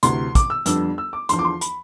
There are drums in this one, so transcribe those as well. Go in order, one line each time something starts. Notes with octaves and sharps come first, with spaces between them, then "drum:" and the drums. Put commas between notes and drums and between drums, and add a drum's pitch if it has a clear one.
D2 C3 E3 C6, drum: hi-hat
D6, drum: kick, hi-hat
E6
F2 D3 G3 B3 D4 E6, drum: hi-hat
E6
D6
E2 D3 F3 C6, drum: hi-hat
D6
C6
B5, drum: hi-hat